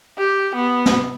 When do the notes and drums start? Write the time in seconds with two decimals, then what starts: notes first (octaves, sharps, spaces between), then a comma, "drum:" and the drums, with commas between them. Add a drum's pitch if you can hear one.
0.18 G4
0.55 B3
0.86 drum: snare